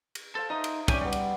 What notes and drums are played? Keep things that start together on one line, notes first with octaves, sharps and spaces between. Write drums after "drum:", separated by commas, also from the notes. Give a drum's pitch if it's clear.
drum: cymbal
A4 C5 F5
D#4 D#5 E5
drum: cymbal
C#4 D#4 G4 D5 G#5, drum: kick, cymbal
G3 B3 D5
drum: cymbal